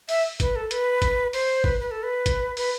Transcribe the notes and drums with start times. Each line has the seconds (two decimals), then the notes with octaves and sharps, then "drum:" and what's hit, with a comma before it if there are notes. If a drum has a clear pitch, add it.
0.09 E5, drum: open hi-hat
0.40 B4, drum: kick, hi-hat
0.56 A4
0.71 B4, drum: hi-hat
1.02 drum: kick, hi-hat
1.33 C5, drum: open hi-hat
1.64 B4, drum: kick
1.80 B4
1.91 A4
2.03 B4
2.26 drum: kick, hi-hat
2.57 B4, drum: open hi-hat